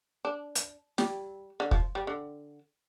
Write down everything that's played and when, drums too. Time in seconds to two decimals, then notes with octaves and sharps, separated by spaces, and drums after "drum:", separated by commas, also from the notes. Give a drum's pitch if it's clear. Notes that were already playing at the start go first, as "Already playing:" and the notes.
0.25 D4
0.55 drum: hi-hat
0.98 G3, drum: snare
1.60 D3
1.71 F3, drum: kick
1.95 G3
2.07 D3